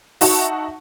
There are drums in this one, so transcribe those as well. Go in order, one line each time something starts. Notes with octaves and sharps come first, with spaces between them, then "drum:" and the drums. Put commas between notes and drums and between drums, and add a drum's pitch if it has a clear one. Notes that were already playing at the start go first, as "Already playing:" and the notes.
D#4 F#4 E5 F#5 A5 C#6, drum: open hi-hat